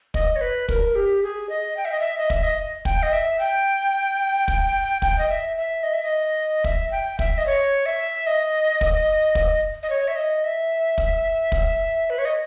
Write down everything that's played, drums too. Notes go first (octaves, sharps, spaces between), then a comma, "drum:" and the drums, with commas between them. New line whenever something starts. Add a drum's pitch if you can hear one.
D#5, drum: kick
C#5
B4
A#4, drum: kick
G4
G#4
D#5
G5
E5
D#5
E5
D#5
E5, drum: kick
D#5
G5, drum: kick
D#5
E5
G5
drum: kick
G5, drum: kick
D#5
E5
E5
D#5
E5
D#5
E5, drum: kick
G5
E5, drum: kick
D#5
C#5
E5
D#5
drum: kick
drum: kick
D#5
C#5
E5
D#5
E5
drum: kick
drum: kick
B4
C#5
D#5